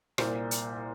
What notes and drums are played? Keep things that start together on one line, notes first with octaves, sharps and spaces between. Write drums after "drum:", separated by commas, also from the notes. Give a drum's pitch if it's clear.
C2 A#2 C5, drum: rim click
drum: hi-hat